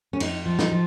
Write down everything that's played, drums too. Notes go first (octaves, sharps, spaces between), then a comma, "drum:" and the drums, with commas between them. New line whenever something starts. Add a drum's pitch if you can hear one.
C#4
F2 D#4, drum: cymbal
F3
D#4, drum: snare
F3